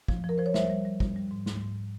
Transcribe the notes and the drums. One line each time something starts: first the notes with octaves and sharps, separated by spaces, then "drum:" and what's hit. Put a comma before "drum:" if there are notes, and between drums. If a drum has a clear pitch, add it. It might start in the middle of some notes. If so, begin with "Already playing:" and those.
F3, drum: kick
F3
A#4
F3 C5
C#5
G3 C5 E5, drum: snare
G3
G3
G3, drum: kick
G3
G#2
G#2, drum: snare
G#2